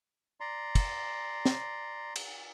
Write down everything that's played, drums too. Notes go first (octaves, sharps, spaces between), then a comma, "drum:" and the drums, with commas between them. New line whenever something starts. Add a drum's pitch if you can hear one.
D5 A#5 C6
drum: kick, cymbal
drum: snare
drum: cymbal